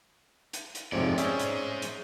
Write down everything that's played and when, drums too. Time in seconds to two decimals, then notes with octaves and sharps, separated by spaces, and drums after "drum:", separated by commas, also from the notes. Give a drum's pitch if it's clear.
0.53 drum: hi-hat
0.75 drum: hi-hat
0.92 F2 G#2 C3 C#5 D5
1.18 C#4 G#4 C5 D5 E5, drum: hi-hat
1.39 drum: hi-hat
1.82 drum: hi-hat